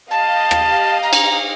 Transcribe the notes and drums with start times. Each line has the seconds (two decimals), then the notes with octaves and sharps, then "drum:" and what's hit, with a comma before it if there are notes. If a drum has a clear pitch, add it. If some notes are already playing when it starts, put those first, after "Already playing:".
0.11 G4 D#5 F5 A5
0.51 drum: rim click
1.03 A#5
1.13 drum: cymbal